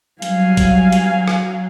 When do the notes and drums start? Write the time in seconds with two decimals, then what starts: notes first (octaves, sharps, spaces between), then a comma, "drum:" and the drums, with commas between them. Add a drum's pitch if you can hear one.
0.22 F#3 G3 F5 G#5, drum: hi-hat
0.57 drum: kick A1, hi-hat
0.92 drum: hi-hat
1.28 drum: rim click